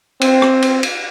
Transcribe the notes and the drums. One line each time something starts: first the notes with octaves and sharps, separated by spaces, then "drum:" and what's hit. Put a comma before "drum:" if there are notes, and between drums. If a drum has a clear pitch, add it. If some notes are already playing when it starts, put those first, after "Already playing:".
C4, drum: cymbal
drum: rim click
drum: cymbal
drum: cymbal